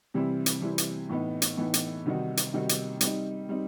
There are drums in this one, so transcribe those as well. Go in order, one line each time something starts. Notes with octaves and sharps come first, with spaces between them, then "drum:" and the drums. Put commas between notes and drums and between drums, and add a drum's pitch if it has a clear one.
C3 E3 G3 C4 E4
drum: hi-hat
C3 E3 G3 C4 E4
drum: hi-hat
A2 E3 B3 D#4
drum: hi-hat
A2 E3 B3 D#4
drum: hi-hat
C3 D#3 G3 D#4 F#4
drum: hi-hat
C3 D#3 G3 D#4 F#4
drum: hi-hat
G3 C4 D#4, drum: hi-hat
G3 C4 D#4